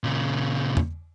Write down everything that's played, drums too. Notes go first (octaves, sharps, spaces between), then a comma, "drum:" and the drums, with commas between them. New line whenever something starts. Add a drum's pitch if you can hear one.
A#2 C#3
drum: tom E2